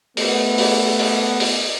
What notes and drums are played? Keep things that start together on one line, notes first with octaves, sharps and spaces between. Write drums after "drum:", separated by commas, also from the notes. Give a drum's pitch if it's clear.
A3 B3, drum: open hi-hat
drum: open hi-hat
drum: open hi-hat
drum: open hi-hat